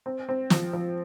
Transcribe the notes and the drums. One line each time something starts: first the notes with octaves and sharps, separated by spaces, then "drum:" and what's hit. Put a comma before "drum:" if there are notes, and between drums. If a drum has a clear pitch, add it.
C4
C4
F3, drum: snare
F3